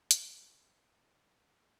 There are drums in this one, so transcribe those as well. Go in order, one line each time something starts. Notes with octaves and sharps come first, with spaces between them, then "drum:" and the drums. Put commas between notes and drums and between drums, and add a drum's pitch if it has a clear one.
C3 F3 A3 E4 G#4, drum: hi-hat
F4
A4